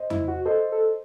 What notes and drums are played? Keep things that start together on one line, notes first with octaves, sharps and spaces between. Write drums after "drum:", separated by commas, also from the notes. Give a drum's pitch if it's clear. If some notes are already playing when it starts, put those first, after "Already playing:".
Already playing: C5 D#5
E4, drum: tom F2
F#4
A4 C5 D#5
A4